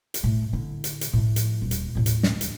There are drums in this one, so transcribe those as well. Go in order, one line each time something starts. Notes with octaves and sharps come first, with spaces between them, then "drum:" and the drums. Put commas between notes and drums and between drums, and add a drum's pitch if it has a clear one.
drum: hi-hat
A2 A3
D3 E4
drum: hi-hat
drum: hi-hat
A2 F3
drum: hi-hat
D#1
drum: hi-hat
D#2 A2
drum: hi-hat
D2, drum: snare
drum: hi-hat